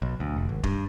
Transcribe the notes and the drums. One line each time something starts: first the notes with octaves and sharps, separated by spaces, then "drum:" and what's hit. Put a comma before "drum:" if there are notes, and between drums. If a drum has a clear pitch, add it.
B1
D2
F1
G#1
G2, drum: kick D#1